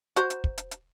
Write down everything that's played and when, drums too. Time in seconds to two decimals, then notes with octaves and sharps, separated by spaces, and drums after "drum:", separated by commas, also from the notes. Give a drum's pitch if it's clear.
0.16 F#4 C5 A#5, drum: hi-hat
0.30 drum: hi-hat
0.44 drum: kick
0.58 drum: hi-hat
0.71 drum: hi-hat